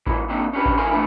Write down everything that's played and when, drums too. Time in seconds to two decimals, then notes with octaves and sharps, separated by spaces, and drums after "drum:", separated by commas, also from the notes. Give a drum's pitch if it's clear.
0.06 G#2 B2 E3, drum: kick A1
0.29 D#3 A#3 C4 D4
0.53 C#4 D4 G4 B4
0.65 drum: kick A1
0.78 F2 E4 A#4 G#5 C6
0.91 E3 A3 B3 D4 E4